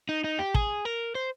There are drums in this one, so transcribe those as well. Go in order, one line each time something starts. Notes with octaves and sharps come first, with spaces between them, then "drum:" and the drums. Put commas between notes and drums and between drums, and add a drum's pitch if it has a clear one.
D#4
D#4
G4
G#4, drum: kick
A#4
C5